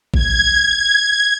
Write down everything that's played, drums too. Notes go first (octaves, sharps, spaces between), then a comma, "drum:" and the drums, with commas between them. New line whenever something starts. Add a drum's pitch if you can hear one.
G#6, drum: kick